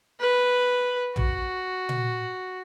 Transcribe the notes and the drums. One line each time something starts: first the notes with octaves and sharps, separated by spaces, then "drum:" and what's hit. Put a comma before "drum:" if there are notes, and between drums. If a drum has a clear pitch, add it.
B4
F#4, drum: tom
drum: tom A#2